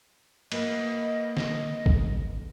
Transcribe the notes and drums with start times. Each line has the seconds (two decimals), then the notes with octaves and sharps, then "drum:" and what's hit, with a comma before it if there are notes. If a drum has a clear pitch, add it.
0.52 A#3 B4 D#5, drum: cymbal
1.37 drum: snare
1.86 drum: kick